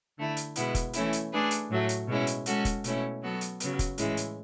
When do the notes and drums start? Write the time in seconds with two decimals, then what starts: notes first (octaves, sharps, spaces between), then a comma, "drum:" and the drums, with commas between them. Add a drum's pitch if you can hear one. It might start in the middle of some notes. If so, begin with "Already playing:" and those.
0.18 D3 A3 E4
0.37 drum: hi-hat
0.56 B2 G#3 B3 E4, drum: hi-hat
0.75 drum: kick F1, hi-hat
0.93 E3 A3 C#4 E4, drum: hi-hat
1.13 drum: hi-hat
1.32 A3 D4 G#4 B4
1.51 drum: hi-hat
1.70 A2 F#3 A3
1.89 drum: hi-hat
2.08 B2 G#3 C#4 E4
2.27 drum: hi-hat
2.46 G#3 C#4 F#4 A4, drum: hi-hat
2.65 drum: kick F1, hi-hat
2.84 B2 A3 C#4 E4, drum: hi-hat
3.21 F#3 B3 F#4 A4
3.41 drum: hi-hat
3.60 C#3 F#3 B3, drum: hi-hat
3.79 drum: kick F1, hi-hat
3.98 A2 E3 G#3 C#4 E4, drum: hi-hat
4.17 drum: hi-hat